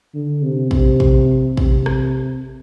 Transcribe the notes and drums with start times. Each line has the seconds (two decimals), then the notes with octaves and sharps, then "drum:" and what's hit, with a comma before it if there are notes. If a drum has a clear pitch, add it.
0.14 D3
0.42 C3
0.71 C3, drum: kick
1.00 drum: kick
1.57 C3, drum: kick
1.86 drum: rim click